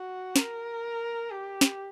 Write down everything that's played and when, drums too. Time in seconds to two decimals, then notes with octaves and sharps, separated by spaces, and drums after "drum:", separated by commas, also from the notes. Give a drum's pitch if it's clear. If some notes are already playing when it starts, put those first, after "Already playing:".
Already playing: F#4
0.36 A#4, drum: snare
1.30 G4
1.61 drum: snare